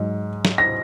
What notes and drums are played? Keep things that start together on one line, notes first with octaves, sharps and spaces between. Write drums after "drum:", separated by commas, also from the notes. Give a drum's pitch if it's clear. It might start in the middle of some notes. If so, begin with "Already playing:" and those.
Already playing: G#2 F#3
drum: snare
A#6